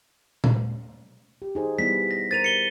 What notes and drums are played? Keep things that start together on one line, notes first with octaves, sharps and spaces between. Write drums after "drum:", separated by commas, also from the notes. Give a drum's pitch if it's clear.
drum: tom A#2
G4
D#4 G#4 C5
G3 B3 E4 B6
A#6
A#4 C5 A6 D#7 F7
C#7 G7